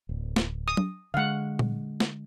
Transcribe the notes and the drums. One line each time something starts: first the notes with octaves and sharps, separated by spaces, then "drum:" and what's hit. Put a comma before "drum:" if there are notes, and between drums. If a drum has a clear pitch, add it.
D1
drum: snare
D#6
drum: tom F#3
D3 G#3 F5 F#5
drum: tom A#2
drum: snare